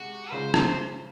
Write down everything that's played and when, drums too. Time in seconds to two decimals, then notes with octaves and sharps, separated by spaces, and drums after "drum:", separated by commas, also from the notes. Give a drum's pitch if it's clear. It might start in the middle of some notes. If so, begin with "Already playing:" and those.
Already playing: C3 G#3 F#4
0.31 C#3 G#3 C#4 F4 C5
0.54 drum: rim click